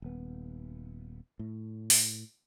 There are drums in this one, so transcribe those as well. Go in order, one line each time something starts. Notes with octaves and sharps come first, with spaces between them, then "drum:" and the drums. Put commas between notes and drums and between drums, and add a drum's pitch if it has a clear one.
D#1 B3
A2
drum: open hi-hat